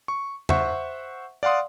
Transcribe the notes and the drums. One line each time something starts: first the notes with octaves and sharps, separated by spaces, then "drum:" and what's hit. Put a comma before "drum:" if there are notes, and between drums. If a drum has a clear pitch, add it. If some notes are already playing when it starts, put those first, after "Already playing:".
C#6
C5 E5 F#5 C#6, drum: tom E2
D5 F5 F#5 C6 D#6